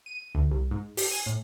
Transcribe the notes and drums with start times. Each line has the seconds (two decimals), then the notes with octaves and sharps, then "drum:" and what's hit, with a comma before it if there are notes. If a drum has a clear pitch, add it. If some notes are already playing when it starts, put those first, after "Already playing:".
0.06 D#7
0.35 D2
0.51 C2
0.71 G#2
0.97 G4, drum: open hi-hat
1.11 G#5
1.26 A2